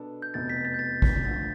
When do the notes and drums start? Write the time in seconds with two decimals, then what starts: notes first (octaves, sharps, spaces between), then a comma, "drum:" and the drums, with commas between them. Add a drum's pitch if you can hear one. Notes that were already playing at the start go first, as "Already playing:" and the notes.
Already playing: B2 B3 D4 A4
0.22 G6
0.34 F1 E2 B2 B3 A6
0.50 B6
0.65 A6
0.74 G6
0.79 A6
1.02 B6, drum: kick
1.25 D2 D3 F3 A6